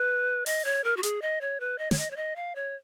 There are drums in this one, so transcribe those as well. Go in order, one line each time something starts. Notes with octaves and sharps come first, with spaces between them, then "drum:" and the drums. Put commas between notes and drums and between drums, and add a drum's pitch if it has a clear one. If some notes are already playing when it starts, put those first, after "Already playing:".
Already playing: B4
D#5, drum: open hi-hat
C#5
A#4
F#4
G#4, drum: hi-hat
D#5
C#5
B4
D#5
C#5, drum: snare
D#5
C#5
D#5
F5
C#5